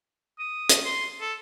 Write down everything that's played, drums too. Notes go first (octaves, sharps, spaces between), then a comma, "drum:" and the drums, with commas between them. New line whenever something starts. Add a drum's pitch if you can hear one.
D#6
drum: hi-hat
C6
A4